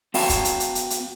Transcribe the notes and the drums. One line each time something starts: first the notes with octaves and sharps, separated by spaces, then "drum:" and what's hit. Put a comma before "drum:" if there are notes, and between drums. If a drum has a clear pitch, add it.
B3 F#4 F5 G5 A5 A#5, drum: open hi-hat
drum: kick, hi-hat
drum: hi-hat
drum: hi-hat
drum: hi-hat
drum: hi-hat